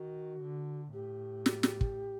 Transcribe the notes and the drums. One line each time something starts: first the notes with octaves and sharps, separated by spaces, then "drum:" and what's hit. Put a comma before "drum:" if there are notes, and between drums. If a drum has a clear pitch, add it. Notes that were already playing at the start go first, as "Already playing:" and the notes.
Already playing: D#3 F#4
D3
A2 G4
drum: snare
drum: snare
drum: kick